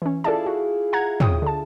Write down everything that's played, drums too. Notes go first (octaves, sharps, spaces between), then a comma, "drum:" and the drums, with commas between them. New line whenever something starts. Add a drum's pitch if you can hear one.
E3 C#4
E4 F4 G#4 A4 D5 A5
F#4
F#5 A#5 G#6
C#5 G5 D#6, drum: tom
D3 A5